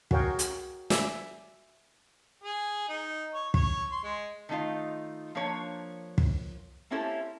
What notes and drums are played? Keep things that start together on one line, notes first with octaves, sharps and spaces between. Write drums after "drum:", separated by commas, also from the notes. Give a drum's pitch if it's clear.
F#4 G#4 A#4 C#5 F5 G5, drum: kick
drum: hi-hat
E5 G#5 D6 E6, drum: snare
G#4
D#4
C#5
C#5, drum: kick
C6
G#3
D#3 A3 D#4 F4 F5
F3 A#3 D4 C#5
drum: kick
A#3 C4 C#4 E4 G4 A4